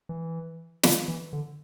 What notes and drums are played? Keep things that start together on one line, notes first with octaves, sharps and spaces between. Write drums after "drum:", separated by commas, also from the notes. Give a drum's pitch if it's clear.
E3
drum: snare
E3
D3